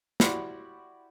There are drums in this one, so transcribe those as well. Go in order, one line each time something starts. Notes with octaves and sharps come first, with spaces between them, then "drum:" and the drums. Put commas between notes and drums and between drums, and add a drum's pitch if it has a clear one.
E4 F#4 G4 D5 B5 C6, drum: snare